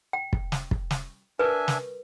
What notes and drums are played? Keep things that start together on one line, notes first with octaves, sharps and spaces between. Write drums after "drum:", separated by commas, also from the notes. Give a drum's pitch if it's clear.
G5
drum: kick
drum: snare
drum: kick
drum: snare
D4 A#4 B4 E5 G#5
drum: snare